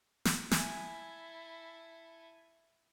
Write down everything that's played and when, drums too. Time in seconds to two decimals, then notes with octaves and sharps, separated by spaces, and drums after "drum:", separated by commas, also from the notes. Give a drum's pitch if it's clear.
0.25 drum: snare
0.51 E4 A4 G#5, drum: snare